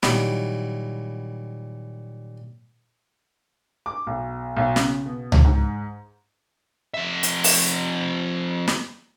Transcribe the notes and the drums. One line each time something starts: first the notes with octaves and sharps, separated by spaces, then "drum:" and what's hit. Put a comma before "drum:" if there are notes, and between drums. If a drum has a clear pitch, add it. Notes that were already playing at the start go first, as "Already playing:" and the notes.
A#2 D#3 F#3 G3 E4, drum: snare
D6
B1
B1
C#3, drum: snare
B2
drum: tom C#2
G#2
F2 E5
drum: hi-hat
drum: open hi-hat
drum: snare